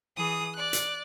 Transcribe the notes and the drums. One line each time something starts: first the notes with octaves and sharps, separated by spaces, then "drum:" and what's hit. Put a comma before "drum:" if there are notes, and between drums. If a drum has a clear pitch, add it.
E3 G#4 D#6
D5 F#6
drum: hi-hat